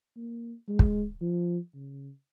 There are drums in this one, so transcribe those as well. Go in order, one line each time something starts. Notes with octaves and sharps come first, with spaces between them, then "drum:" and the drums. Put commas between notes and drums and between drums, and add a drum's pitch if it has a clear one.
A#3
G#3
drum: kick
F3
C#3